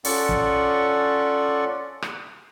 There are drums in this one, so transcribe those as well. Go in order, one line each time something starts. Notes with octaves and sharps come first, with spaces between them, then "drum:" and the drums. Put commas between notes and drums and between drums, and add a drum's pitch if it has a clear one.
C#4 F4 A4 D5 F#5 C#6, drum: open hi-hat
drum: kick
drum: rim click